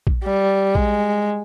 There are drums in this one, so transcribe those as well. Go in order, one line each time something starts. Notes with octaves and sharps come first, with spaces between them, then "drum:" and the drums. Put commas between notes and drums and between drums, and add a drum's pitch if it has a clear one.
drum: kick A#1
G3
G#3, drum: kick A#1